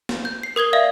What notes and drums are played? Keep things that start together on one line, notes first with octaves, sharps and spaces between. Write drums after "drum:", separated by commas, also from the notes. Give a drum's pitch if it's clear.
drum: snare
G6
C7
A#4 D#6 G#6 G7
D5 E5 F5